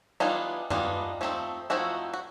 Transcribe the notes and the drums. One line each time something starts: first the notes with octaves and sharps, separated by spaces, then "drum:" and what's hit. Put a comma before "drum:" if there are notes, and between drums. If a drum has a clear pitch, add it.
E3 G3 B3 D4 D#4 F4
E3 G3 B3 D4 D#4 F4, drum: tom F#2
F3 A3 C4 D#4
F3 A3 C4 D#4 E4 F#4
F#4